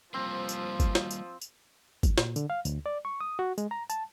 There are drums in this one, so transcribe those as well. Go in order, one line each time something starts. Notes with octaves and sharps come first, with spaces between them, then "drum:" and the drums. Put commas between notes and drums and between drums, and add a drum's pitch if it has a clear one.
F3 G3 A#3 C4 C5
drum: tambourine
drum: kick G1, tambourine
drum: snare
drum: tambourine
drum: tambourine
drum: kick G1, tambourine
A#2, drum: snare
D3, drum: tambourine
F5
D2, drum: tambourine
D5
C#6
D#6
F#4
G#3, drum: tambourine
A#5
A5, drum: tambourine